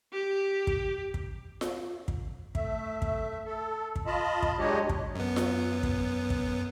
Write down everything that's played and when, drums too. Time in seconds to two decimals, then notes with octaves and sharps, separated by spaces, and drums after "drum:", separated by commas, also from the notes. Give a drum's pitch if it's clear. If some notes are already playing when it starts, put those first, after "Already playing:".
0.12 G4
0.67 drum: kick
1.14 drum: kick
1.61 drum: snare F4
2.08 drum: kick
2.55 A3 E5, drum: kick
3.02 drum: kick
3.45 A4
3.96 drum: kick
4.06 F4 D#5 A5 B5
4.43 drum: kick
4.59 F#3 G#3 D4 G4 C#5 D#5
4.89 drum: kick
5.15 F#2 B3
5.36 drum: snare F4
5.83 drum: kick
6.30 drum: kick